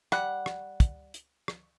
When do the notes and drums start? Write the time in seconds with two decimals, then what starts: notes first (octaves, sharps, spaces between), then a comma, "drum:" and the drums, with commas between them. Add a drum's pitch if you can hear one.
0.12 G3 F#5, drum: rim click
0.46 drum: rim click
0.80 drum: kick, hi-hat
1.14 drum: hi-hat
1.48 drum: rim click